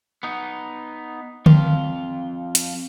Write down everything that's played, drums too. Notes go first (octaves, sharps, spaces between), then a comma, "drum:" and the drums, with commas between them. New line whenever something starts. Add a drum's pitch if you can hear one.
B3 D#4
F2 F4, drum: tom D3
drum: hi-hat